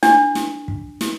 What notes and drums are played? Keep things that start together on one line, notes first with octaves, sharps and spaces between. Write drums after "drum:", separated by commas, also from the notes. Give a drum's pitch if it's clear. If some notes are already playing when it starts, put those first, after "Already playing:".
D4, drum: snare
drum: snare
drum: kick
drum: snare